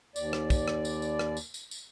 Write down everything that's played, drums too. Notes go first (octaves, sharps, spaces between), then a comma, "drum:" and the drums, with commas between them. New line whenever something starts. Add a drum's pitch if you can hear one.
D#2 D5, drum: tambourine
drum: rim click
drum: kick, tambourine
drum: rim click
drum: tambourine
drum: tambourine
drum: rim click
drum: tambourine
drum: tambourine
drum: tambourine